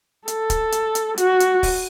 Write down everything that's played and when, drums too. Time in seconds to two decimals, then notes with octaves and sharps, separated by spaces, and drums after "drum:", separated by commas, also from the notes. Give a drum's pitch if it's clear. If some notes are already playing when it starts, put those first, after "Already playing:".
0.28 A4, drum: hi-hat
0.50 drum: kick, hi-hat
0.72 drum: hi-hat
0.95 drum: hi-hat
1.18 F#4, drum: hi-hat
1.40 drum: hi-hat
1.63 drum: kick, open hi-hat